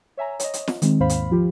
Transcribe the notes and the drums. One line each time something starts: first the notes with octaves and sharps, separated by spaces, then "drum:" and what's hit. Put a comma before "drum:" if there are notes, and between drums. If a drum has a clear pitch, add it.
C#5 E5 G#5 A#5
C#5 D#5, drum: hi-hat
drum: hi-hat
drum: snare
D#3 G#3 C4, drum: hi-hat
D#2 G#2 C5 F5 B5
drum: hi-hat
F3 F4 G4